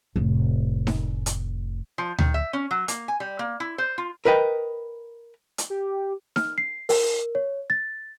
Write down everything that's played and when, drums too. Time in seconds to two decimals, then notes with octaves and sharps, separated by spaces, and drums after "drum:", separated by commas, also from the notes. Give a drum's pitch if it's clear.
0.16 F1 A2
0.87 drum: snare D#4
1.26 drum: hi-hat
1.98 F3
2.18 D#3, drum: tom D2
2.34 E5
2.53 C#4
2.71 F#3
2.88 A#3, drum: hi-hat
3.08 G#5
3.20 G3
3.39 A#3
3.60 E4
3.78 C5
3.98 F4
4.25 A#4 B4 D#5 G5
5.58 drum: hi-hat
5.70 G4
6.36 F6, drum: snare D#4
6.58 C7
6.89 A#4, drum: open hi-hat
7.35 C#5
7.70 A6